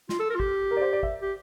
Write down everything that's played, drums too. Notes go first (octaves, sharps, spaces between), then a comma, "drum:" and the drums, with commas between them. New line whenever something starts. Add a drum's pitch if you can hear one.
F4, drum: snare
A4
A#4
F4
G4, drum: kick
A#4
D5
C5
D5
E5, drum: kick
G4